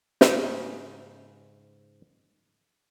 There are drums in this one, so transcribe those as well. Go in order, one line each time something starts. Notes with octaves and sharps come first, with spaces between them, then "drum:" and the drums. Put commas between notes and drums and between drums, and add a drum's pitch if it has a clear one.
G#2 C#3, drum: snare